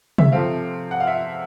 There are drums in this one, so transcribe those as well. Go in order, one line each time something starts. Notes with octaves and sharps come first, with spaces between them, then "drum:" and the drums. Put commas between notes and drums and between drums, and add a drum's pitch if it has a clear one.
E5, drum: tom C3
C3 F3 A3 C4 F5
F#5
F5
E5